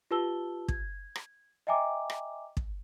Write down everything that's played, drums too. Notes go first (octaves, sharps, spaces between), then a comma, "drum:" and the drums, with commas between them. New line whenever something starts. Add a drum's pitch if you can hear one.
F4 G4 B4 A5 E6 G7
G#6, drum: kick
drum: rim click
D#5 E5 G5 G#5 A#5 D6
drum: rim click
drum: kick